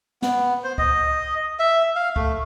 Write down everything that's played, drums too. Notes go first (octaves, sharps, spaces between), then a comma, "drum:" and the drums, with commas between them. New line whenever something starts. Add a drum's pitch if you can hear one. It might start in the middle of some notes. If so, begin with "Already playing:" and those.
B3, drum: snare
C5
D#5, drum: kick C#2
E5
F5
A3, drum: kick C#2